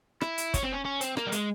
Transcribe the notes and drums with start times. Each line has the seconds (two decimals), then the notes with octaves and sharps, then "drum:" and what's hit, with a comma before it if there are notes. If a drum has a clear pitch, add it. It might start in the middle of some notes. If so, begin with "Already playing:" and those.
0.21 E4, drum: rim click
0.38 drum: hi-hat
0.54 C#4, drum: kick, hi-hat
0.63 C4
0.72 C#4
0.85 C#4
1.01 C4, drum: hi-hat
1.17 A#3, drum: rim click
1.27 G3
1.32 G#3, drum: hi-hat